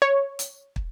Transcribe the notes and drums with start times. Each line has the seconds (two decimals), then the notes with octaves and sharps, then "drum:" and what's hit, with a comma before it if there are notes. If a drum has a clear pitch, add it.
0.02 C#5
0.39 drum: hi-hat
0.76 drum: kick